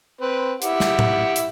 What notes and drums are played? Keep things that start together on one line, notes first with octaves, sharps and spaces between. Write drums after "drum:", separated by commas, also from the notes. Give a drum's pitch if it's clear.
C4 B4
E4 G4 F#5, drum: hi-hat
drum: snare
drum: tom A2
drum: hi-hat